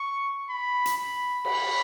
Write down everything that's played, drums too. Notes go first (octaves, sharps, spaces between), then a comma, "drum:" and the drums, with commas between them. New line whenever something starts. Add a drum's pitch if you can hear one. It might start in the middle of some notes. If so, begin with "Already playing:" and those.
Already playing: C#6
B5
drum: hi-hat
B5
B5, drum: cymbal